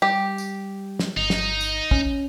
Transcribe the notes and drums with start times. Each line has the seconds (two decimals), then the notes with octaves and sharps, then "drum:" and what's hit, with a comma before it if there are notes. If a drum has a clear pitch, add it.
0.02 G3 G4
0.38 drum: tambourine
0.99 drum: snare
1.17 G1 D#4
1.30 drum: snare
1.61 drum: tambourine
1.91 C#4, drum: kick